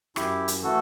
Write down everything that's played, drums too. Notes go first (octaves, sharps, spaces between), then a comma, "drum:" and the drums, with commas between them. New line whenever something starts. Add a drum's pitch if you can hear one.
F#2 E4 G4, drum: rim click
drum: hi-hat
E3 A3 F#4 A4